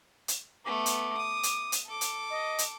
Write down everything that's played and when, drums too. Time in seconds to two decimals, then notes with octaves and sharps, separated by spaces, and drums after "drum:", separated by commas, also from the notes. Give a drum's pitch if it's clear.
0.28 drum: hi-hat
0.65 A3 B3 D6
0.86 drum: hi-hat
1.17 D#6
1.43 drum: hi-hat
1.72 drum: hi-hat
1.86 A4 D6
2.01 drum: hi-hat
2.30 D#5
2.58 drum: hi-hat